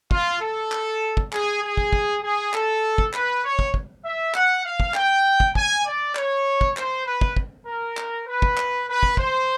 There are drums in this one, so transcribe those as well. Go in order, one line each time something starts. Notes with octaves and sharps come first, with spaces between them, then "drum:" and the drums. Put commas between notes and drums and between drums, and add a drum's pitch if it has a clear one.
F4, drum: kick
A4
drum: clap
drum: kick
G#4, drum: clap
G#4
drum: kick
drum: kick
G#4
A4, drum: clap
drum: kick
B4, drum: clap
C#5
drum: kick
drum: kick
E5
F#5, drum: clap
F5
drum: kick
G5, drum: clap
drum: kick
G#5, drum: kick
D5
C#5, drum: clap
drum: kick
C5, drum: clap
B4
drum: kick
drum: kick
A#4
drum: clap
B4
drum: kick
drum: clap
B4
drum: kick
C5, drum: kick